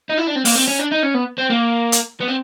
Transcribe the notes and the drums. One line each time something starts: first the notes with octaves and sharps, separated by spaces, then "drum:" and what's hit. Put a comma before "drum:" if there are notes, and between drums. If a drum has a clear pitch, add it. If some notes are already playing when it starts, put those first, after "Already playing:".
D#4
E4
D4
C4
A#3, drum: open hi-hat
C4
C#4
D4
D#4
C#4
B3
C4
A#3
drum: hi-hat
B3
C4